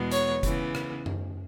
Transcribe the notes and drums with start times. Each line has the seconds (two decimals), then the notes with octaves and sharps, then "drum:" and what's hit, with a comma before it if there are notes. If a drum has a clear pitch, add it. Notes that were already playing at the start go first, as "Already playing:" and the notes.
Already playing: E2 B2 G#3 B3
0.12 C#5, drum: hi-hat
0.43 C#3 E3 B3, drum: kick F1, hi-hat
0.75 drum: rim click
1.06 drum: tom F#2